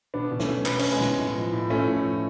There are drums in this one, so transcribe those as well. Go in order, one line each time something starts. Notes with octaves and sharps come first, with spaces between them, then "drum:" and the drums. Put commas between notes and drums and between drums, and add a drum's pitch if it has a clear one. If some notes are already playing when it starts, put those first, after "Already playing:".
B2 B3 D4
B2 D4
A3 C#4, drum: snare
B2
B2 B3, drum: clap
B2 C#4, drum: cymbal
G#3 B3
B2, drum: snare
A2
F3
A2
F3 A3 C#4
A2
F3